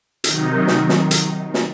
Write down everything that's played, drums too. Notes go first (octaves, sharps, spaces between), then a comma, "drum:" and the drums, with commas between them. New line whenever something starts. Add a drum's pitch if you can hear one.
C3 D#3 F#3 D#4, drum: hi-hat
drum: snare
drum: snare
drum: hi-hat
drum: snare